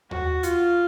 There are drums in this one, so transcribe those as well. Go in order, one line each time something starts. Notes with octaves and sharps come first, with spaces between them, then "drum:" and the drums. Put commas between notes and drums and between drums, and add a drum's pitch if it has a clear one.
F#4, drum: tom D#2
F4, drum: hi-hat